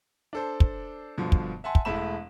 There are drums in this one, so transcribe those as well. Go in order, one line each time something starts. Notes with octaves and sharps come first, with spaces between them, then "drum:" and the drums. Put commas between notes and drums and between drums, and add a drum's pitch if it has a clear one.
D4 A4 C5
drum: kick
G2 B2 D3 F3
drum: kick
E5 F#5 G#5 A5 C6
drum: kick
E1 G#3 A3 E4 B5 E7